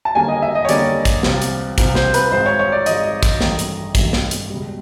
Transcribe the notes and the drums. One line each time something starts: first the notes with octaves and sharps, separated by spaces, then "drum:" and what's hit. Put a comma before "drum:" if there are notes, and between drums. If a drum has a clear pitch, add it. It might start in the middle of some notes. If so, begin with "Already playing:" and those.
A5
D#2 D3 G3 A#3 C#4 G#5
D#5
E5
D#5
C#5
D#2 D3 G3 A#3 C#4 D5, drum: hi-hat
drum: kick, hi-hat
C2 C3 F3, drum: snare
drum: hi-hat
C2 C3 F3, drum: kick, hi-hat
C5, drum: snare
B4, drum: hi-hat
G#1 G#2 F3 C5
C#5
C#5
D5
G#1 G#2 F3 D#5, drum: hi-hat
drum: kick, hi-hat
A1 G2 D#3 F#3 A3, drum: snare
drum: hi-hat
A1 G2 D#3 F#3 A3, drum: kick, hi-hat
drum: snare
drum: hi-hat
C#2 B2 G3